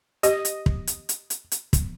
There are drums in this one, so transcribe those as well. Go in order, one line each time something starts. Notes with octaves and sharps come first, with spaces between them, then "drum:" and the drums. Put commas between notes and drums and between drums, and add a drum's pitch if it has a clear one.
G4 D#5, drum: hi-hat
drum: hi-hat
drum: kick
drum: hi-hat
drum: hi-hat
drum: hi-hat
drum: hi-hat
drum: kick, hi-hat